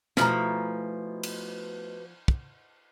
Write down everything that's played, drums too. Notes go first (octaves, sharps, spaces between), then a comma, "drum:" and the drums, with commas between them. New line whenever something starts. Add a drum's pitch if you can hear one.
B2 F3 A3 E4 G#5 A#5, drum: snare
drum: cymbal
drum: kick